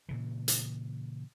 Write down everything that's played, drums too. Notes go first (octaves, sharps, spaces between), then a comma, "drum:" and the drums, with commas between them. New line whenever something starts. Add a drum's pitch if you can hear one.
A#2 C#3 E3
drum: hi-hat